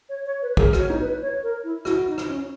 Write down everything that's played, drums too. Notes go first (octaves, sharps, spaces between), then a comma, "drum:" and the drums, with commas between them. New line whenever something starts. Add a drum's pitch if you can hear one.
C#5
C#5
B4
G#4 A#4, drum: kick
F#4, drum: rim click
C#5
D#4
B4
C#5
A#4
E4
E4 F#4, drum: rim click
D#4
drum: rim click
C#4